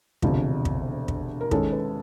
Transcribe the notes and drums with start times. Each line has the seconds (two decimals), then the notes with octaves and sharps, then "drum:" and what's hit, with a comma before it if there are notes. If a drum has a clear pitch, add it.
0.22 E1 D2 C3 F3, drum: kick
0.65 drum: kick
1.08 drum: kick
1.41 A#4
1.51 D#2 D#3 G#3 C#4 A4, drum: kick
1.72 B4